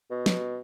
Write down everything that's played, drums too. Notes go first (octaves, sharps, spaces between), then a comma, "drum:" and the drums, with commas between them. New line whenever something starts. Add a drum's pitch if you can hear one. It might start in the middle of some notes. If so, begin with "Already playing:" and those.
B2
drum: snare